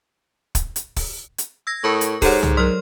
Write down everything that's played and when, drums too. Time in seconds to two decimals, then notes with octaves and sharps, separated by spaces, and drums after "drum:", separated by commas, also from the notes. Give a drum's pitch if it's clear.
0.55 drum: kick, hi-hat
0.76 drum: hi-hat
0.97 drum: kick, open hi-hat
1.38 drum: hi-hat
1.67 E6 G#6 A#6
1.84 A2 A#4 C#6
2.01 drum: hi-hat
2.22 G#2 G4 A4 C5 C#5 F#5, drum: kick, open hi-hat
2.43 drum: tom
2.57 F#3 A#4 C6 F6